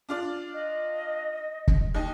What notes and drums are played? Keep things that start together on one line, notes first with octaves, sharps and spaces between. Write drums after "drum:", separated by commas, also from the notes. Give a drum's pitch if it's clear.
D4 F4 D5
D#5
drum: kick
D#2 D#5